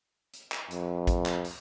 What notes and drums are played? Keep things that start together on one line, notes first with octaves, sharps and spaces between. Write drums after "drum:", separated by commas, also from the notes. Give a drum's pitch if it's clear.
drum: hi-hat
drum: clap
F2, drum: hi-hat
drum: kick, hi-hat
drum: clap
drum: open hi-hat